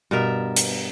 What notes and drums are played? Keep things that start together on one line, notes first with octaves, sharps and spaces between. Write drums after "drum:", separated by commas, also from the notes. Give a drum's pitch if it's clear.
G2 B2 A#4 E5
drum: hi-hat